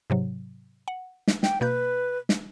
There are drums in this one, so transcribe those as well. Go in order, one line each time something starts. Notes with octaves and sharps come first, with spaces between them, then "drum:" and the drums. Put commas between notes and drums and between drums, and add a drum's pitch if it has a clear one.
G#2 C3 F#3
F#5
drum: snare
G5, drum: snare
B2 A#3 B4 G6
drum: snare